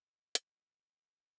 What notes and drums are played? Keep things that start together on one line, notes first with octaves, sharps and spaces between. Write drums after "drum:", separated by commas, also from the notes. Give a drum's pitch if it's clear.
drum: hi-hat
E3
F#3 A3 A5
D4
D4 C6
F#3 F#4
A#4 D5 G#5 A#5